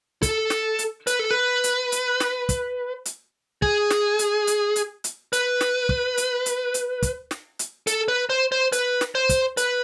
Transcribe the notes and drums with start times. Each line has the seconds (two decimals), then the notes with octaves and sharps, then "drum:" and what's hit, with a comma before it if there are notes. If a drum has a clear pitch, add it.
0.22 A4, drum: kick, hi-hat
0.50 drum: snare
0.79 drum: hi-hat
1.07 B4, drum: hi-hat
1.19 A4
1.31 B4
1.64 drum: hi-hat
1.92 drum: hi-hat
2.20 drum: snare
2.49 drum: kick, hi-hat
3.05 drum: hi-hat
3.62 G#4, drum: kick
3.91 drum: snare
4.19 drum: hi-hat
4.47 drum: hi-hat
4.76 drum: hi-hat
5.04 drum: hi-hat
5.33 B4, drum: hi-hat
5.61 drum: snare
5.89 drum: kick
6.17 drum: hi-hat
6.46 drum: hi-hat
6.74 drum: hi-hat
7.03 drum: kick, hi-hat
7.31 drum: snare
7.59 drum: hi-hat
7.87 A4, drum: hi-hat
8.08 B4
8.30 C5
8.52 C5
8.72 B4, drum: hi-hat
9.01 drum: snare
9.15 C5
9.29 drum: kick, hi-hat
9.57 B4, drum: hi-hat